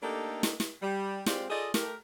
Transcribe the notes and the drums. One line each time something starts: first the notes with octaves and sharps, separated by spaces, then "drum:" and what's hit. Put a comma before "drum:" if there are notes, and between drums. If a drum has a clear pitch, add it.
A3 A#3 D4 D#4 G4 A4
drum: snare
drum: snare
G3
G#3 C4 F4 G4 C5 D5, drum: snare
F4 G#4 A4 D5 D#5
A3 G4 A#4, drum: snare